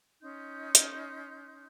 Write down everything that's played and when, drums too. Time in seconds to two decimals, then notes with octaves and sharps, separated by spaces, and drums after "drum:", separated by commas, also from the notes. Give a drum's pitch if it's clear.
0.22 C#4 D#4 C6 G6
0.75 drum: hi-hat